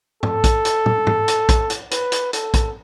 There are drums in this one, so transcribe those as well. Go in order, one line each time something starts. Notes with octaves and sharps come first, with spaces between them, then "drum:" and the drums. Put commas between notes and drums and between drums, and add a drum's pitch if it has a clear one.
A4, drum: tom
drum: kick A#1, hi-hat
drum: hi-hat
drum: tom
drum: tom
drum: hi-hat
drum: kick A#1, hi-hat
drum: hi-hat
B4, drum: hi-hat
drum: hi-hat
A4, drum: hi-hat
drum: kick A#1, hi-hat